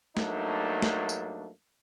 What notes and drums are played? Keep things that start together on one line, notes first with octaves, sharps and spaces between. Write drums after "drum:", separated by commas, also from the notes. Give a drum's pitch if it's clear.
G2 F#3 A3 A#3 D4 D#4, drum: snare
drum: snare
drum: tambourine